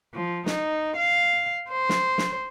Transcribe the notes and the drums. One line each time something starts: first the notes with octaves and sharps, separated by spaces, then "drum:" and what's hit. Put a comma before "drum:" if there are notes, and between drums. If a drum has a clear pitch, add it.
F3
D#4, drum: snare
F5
C5
drum: snare
drum: snare